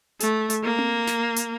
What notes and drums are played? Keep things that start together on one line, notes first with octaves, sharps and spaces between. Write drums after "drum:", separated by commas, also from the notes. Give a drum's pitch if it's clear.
A3, drum: hi-hat
drum: hi-hat
A#3
drum: tom C4
drum: snare
drum: hi-hat